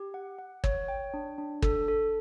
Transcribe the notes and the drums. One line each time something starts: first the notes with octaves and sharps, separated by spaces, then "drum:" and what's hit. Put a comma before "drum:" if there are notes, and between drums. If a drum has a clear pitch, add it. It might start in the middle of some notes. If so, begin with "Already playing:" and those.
Already playing: G4
F#5
F#5
C#5, drum: kick
G5
D4
D4
A4, drum: kick
A4